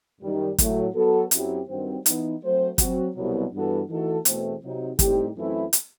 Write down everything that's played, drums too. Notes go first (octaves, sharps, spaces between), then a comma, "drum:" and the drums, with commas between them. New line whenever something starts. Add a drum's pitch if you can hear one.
F#2 D#3 G3
A2 F#3 A3, drum: kick, hi-hat
F#3 B3 F#4 A4
F#2 F#3 C4 E4 G4, drum: hi-hat
G2 D#3 F#3 C4
E3 B3 D#4, drum: hi-hat
F#3 A3 C4 F#4 C5
F#3 C4 F#4, drum: kick, hi-hat
C2 B2 F#3
G2 E3 B3 F#4 A4
E3 A3 D#4 F#4 A4
E2 B2 A3 C4, drum: hi-hat
C3 F#3 C4 D#4
A2 G3 C4 D#4 G4, drum: kick, hi-hat
F#2 E3 A3 C4 E4
drum: hi-hat